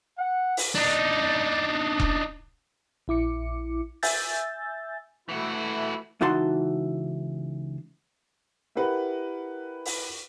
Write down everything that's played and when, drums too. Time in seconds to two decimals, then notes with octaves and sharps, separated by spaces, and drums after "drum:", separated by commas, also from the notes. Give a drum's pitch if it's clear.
0.19 F#5
0.57 drum: open hi-hat
0.75 D4 D#4
2.00 drum: kick E1
3.08 A#1 E4 D6 C#7
4.03 E5 G#5 E6 G6 A6, drum: open hi-hat
5.29 E3 A3 E4 F#4
6.21 C#2 E3 D#4 F#4 A5 C6
8.75 E4 G4 A#4 B4 F#5
9.85 drum: open hi-hat